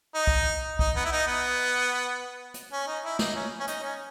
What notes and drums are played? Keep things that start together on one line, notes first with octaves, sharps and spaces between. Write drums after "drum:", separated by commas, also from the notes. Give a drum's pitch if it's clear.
D#4
drum: kick
D#4, drum: kick
B3
E4
D#4
B3
drum: hi-hat
C#4
D#4
E4
D#4, drum: snare
C#4
C#4
D#4, drum: hi-hat
C#4